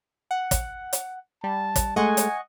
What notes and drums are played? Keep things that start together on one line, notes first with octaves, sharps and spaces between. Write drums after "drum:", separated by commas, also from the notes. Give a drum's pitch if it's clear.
F#5
drum: kick, hi-hat
drum: hi-hat
G3 A5
drum: kick, hi-hat
G#3 A3 D#5 F#5 G#5 C#6
drum: hi-hat